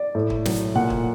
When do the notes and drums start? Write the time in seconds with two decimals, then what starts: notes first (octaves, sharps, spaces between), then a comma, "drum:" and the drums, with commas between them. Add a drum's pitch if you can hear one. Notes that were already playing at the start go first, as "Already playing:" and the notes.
Already playing: D5
0.15 A2
0.30 drum: kick
0.45 F#3, drum: snare
0.75 A#2 F#5
0.90 drum: kick